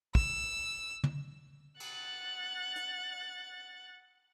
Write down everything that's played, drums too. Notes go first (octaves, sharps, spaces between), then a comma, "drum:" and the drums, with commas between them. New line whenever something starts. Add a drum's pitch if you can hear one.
E6, drum: kick
drum: tom
F#5 F#6 A6, drum: cymbal
drum: hi-hat